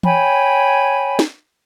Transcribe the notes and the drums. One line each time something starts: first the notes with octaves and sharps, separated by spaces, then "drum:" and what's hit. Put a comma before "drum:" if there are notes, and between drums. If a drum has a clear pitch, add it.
C#5 G5 G#5 B5, drum: tom E3
drum: snare